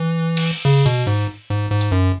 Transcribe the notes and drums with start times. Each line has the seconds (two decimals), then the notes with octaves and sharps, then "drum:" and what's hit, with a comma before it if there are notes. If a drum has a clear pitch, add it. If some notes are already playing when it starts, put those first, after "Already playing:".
Already playing: E3
0.37 drum: cymbal
0.65 C#3
0.86 B2, drum: hi-hat
1.07 G#2
1.50 G#2
1.71 G#2
1.81 drum: hi-hat
1.92 F#2